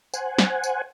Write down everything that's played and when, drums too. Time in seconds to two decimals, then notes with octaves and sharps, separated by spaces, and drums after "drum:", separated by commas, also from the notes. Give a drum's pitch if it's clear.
0.13 C5 F#5 G#5, drum: tambourine
0.39 drum: snare
0.64 drum: tambourine